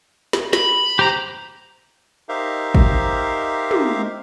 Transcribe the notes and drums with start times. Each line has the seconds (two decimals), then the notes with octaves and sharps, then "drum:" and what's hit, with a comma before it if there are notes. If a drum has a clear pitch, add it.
0.33 drum: snare
0.53 B5, drum: snare
0.99 G4 C5 A#5
2.29 D#4 G4 A#4 C5 E5 F5
2.75 drum: kick
3.71 drum: tom